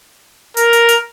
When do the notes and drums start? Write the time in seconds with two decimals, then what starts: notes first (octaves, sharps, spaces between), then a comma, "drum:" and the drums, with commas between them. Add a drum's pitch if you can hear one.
0.57 A#4, drum: hi-hat
0.73 drum: hi-hat
0.89 drum: hi-hat